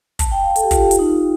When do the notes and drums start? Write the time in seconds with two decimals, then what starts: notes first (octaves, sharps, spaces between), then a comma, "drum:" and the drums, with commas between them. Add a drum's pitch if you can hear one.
0.19 A5, drum: kick, hi-hat
0.31 G5
0.43 F5
0.56 A4, drum: hi-hat
0.63 G4
0.71 F4, drum: kick, hi-hat
0.77 G4
0.91 F4, drum: hi-hat
0.99 D#4
1.06 F4